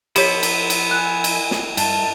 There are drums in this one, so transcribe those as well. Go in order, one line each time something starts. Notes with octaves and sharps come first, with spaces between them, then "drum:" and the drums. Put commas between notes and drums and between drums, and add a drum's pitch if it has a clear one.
F3 B3 E4 G4 C#5 B6, drum: cymbal
drum: cymbal
drum: cymbal
G#5 F#6
drum: cymbal
drum: snare
G2 A5, drum: cymbal